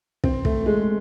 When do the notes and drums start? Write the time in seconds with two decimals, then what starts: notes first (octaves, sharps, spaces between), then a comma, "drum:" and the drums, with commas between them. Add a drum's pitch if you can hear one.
0.24 C4, drum: kick
0.45 A3, drum: kick
0.66 G#3